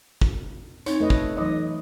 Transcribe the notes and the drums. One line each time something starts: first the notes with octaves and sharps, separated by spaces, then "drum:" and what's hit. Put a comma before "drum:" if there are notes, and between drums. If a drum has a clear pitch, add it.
drum: kick
C4 D#4 C#5, drum: hi-hat
A3 B4 D#5
drum: kick
E3 F#3 D#4 D#5